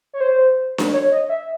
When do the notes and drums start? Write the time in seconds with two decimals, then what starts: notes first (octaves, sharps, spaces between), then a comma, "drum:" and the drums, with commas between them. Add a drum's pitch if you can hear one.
0.13 C#5
0.21 C5
0.78 drum: snare D4
0.93 C#5
1.12 D#5
1.29 E5